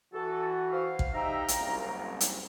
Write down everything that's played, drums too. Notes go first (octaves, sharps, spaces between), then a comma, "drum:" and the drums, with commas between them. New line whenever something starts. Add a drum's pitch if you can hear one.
E3 F#4 A4
C5 F5
drum: kick
D#4 G4 E5 F5 G5 A#5
drum: hi-hat
F#1 C2
drum: hi-hat